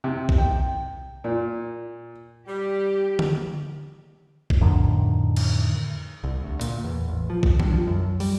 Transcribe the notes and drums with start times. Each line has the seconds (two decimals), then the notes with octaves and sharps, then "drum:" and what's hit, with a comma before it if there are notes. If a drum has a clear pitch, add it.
0.04 C3
0.29 drum: kick B1
0.38 G5
1.24 A#2
2.48 G3 G4
3.19 drum: tom D3
4.50 drum: kick B1
4.61 F2 A2 D3 D#3
5.36 drum: cymbal
6.24 C2
6.44 D2
6.61 A#2, drum: hi-hat
6.84 E2
7.08 A1
7.30 F3
7.43 A#1, drum: kick B1
7.60 G2, drum: tom D#3
7.73 F3
7.87 F#2
8.20 G3, drum: open hi-hat